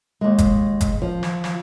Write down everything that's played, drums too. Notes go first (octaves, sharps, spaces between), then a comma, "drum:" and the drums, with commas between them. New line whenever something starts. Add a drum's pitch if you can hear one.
D#2 G#3
drum: kick, hi-hat
drum: kick, hi-hat
F3
drum: snare
drum: snare